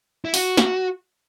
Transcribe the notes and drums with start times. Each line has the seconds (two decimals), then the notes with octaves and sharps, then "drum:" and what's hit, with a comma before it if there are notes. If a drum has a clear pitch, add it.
0.25 E4
0.34 F#4, drum: open hi-hat
0.57 drum: snare